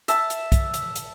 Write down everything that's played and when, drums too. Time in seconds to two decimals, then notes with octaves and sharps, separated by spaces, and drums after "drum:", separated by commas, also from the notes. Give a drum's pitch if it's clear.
0.08 E5 A5, drum: hi-hat
0.30 drum: hi-hat
0.52 drum: kick, hi-hat
0.74 drum: hi-hat
0.95 drum: hi-hat